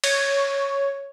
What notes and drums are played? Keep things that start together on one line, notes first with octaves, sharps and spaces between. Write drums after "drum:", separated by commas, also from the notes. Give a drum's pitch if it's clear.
C#5, drum: cymbal